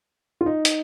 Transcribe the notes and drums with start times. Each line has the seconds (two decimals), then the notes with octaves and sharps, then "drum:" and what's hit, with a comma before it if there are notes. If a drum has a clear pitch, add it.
0.41 F4
0.46 D#4
0.65 drum: hi-hat